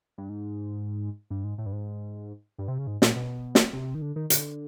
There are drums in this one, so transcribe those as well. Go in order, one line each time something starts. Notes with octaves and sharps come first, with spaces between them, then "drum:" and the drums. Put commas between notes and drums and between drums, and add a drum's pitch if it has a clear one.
G2
G#2
G2
G#2
A2
G2
G#2
G2
C3
C#3
G#2
A#2, drum: snare
B2
drum: snare
C3
D#3
D3
D#3
D3, drum: hi-hat